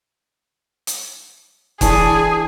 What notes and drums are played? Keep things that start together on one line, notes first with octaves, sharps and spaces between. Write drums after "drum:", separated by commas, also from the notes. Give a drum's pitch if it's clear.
drum: hi-hat
E3 A3 D4 G#4, drum: kick, hi-hat